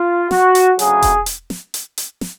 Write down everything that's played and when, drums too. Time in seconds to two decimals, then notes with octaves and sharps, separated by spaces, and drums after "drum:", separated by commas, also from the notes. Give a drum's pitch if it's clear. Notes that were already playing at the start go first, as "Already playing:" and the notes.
Already playing: F4
0.31 F#4, drum: snare
0.55 drum: hi-hat
0.79 D2 C#3 F#3 G#4, drum: hi-hat
1.02 drum: kick E1, hi-hat
1.26 drum: hi-hat
1.50 drum: snare
1.74 drum: hi-hat
1.98 drum: hi-hat
2.21 drum: snare